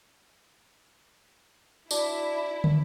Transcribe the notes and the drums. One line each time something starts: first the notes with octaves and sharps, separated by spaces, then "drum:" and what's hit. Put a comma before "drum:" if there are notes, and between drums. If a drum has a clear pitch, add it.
D4 E4 F#4 D5, drum: tambourine
drum: tom